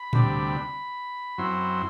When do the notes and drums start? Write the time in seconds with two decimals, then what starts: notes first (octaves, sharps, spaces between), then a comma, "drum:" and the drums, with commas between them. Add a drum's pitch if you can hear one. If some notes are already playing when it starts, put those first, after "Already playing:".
Already playing: B5
0.13 D2 C3 G3 D4, drum: tom A2
1.38 F#2 F#3 C4 E4 C6